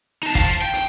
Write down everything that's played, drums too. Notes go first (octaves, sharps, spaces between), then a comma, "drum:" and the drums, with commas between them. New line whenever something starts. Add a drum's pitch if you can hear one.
D#4 A5
F5 A5, drum: kick, hi-hat
G5
drum: hi-hat